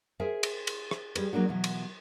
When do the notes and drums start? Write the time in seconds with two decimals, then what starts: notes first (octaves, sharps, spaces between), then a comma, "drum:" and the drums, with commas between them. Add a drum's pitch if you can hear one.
0.20 G#4 A#4 C5 E5 G#5
0.43 drum: cymbal
0.67 drum: cymbal
0.91 drum: rim click
1.16 G3 G#4 B4, drum: cymbal
1.33 F#3 A3 A#3 D4 F#4
1.49 B2 E3 F#3
1.64 drum: cymbal